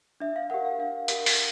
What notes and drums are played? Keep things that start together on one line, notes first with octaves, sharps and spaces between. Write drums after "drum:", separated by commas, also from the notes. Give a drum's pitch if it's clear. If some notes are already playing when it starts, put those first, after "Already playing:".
D4 E5
F5
G4 A#4 F#5
F5
D4 F5
G4 A#4, drum: hi-hat
drum: open hi-hat